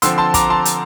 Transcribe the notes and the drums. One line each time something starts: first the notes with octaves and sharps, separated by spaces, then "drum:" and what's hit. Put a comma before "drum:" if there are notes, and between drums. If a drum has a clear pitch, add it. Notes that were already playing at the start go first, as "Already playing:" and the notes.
D3 F3 C4 C6 E6, drum: hi-hat
A5 C6
A#5 D6, drum: kick, hi-hat
A5 C6
drum: hi-hat